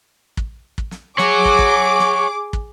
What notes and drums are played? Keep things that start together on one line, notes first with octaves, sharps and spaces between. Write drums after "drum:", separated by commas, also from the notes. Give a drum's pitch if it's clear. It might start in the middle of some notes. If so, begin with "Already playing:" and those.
drum: kick
drum: kick
drum: snare
G#4 C#5 F#5 D6, drum: snare
drum: kick
drum: kick
drum: snare
drum: kick